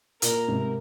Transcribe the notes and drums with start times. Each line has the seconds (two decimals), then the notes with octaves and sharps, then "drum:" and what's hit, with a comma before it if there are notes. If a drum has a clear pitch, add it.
0.22 A#2 A#4, drum: hi-hat
0.48 G#2 C3